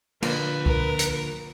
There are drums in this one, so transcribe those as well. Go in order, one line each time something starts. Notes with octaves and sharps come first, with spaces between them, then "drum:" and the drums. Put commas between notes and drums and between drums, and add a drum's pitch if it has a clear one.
A#2 D3 F3 A#3 B4, drum: cymbal
A#4, drum: kick C#2
drum: hi-hat